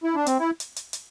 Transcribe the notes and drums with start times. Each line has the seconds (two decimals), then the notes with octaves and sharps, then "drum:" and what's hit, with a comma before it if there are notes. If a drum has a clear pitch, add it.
0.04 E4
0.15 D4
0.26 C4, drum: hi-hat
0.39 E4
0.60 drum: hi-hat
0.76 drum: hi-hat
0.93 drum: hi-hat